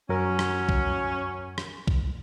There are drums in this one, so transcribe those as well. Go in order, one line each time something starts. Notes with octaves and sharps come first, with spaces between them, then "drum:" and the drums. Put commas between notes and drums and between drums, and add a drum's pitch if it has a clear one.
F#2 F#3 C#4 A#4
drum: rim click
drum: kick B1
drum: rim click
drum: kick B1